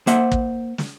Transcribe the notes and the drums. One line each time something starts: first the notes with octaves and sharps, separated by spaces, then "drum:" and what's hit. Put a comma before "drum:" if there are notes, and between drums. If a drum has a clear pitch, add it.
A#3 C5 E5 F#5, drum: hi-hat
drum: kick
drum: snare